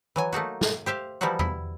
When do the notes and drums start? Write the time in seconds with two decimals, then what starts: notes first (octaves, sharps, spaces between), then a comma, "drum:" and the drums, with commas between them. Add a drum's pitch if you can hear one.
0.16 E3 F#3 G#5
0.33 A3 A#3 D#4 F#4
0.61 drum: snare
0.86 G4 C5 E5 F5
1.21 E3 F3 G3 D#4 E4 F#4
1.39 E4, drum: tom E2